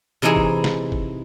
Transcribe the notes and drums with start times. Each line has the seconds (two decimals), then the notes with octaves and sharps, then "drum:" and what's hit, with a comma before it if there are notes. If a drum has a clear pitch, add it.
0.22 C3 E3 D#4 E4 G#4
0.36 drum: kick
0.64 drum: snare
0.92 drum: kick